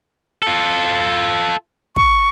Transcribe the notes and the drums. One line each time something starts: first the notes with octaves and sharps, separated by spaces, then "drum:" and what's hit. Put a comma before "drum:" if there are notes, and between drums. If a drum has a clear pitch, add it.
F4 A4
C#6, drum: kick